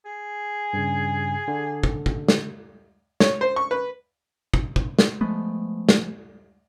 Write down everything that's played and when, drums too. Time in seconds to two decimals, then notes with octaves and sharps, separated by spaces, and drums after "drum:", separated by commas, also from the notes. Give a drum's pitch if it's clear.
0.05 G#4
0.73 G2 C#3
1.48 D3
1.83 drum: kick
2.06 drum: kick
2.28 drum: snare
3.20 C#5, drum: snare
3.41 C5
3.56 C#6
3.71 B4
4.54 drum: kick
4.76 drum: kick
4.99 drum: snare
5.21 F3 G#3 A3 B3
5.89 drum: snare